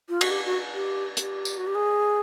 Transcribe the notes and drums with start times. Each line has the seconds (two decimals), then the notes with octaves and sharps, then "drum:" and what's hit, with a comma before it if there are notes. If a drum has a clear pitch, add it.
0.09 F4
0.21 F#4, drum: cymbal
0.31 G4
0.46 F#4
0.74 G4
1.17 G4, drum: hi-hat
1.45 drum: tambourine
1.57 F#4
1.67 G4
1.75 G#4